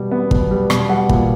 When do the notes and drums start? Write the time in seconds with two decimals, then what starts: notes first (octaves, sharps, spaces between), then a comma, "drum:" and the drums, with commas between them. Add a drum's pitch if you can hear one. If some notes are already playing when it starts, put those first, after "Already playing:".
Already playing: B2 G3
0.11 B3
0.31 B2, drum: kick
0.51 G3
0.70 B2, drum: rim click
0.89 G3 F#5
1.09 A#2, drum: kick